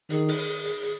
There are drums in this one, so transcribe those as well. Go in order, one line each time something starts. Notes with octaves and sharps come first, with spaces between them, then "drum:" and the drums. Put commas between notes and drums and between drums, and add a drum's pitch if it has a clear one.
D#3 G#4, drum: hi-hat
drum: open hi-hat
drum: hi-hat
drum: hi-hat